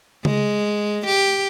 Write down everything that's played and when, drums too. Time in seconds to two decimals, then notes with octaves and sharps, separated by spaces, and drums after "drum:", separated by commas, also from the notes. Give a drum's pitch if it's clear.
0.25 G#3, drum: tom C#3
1.06 G4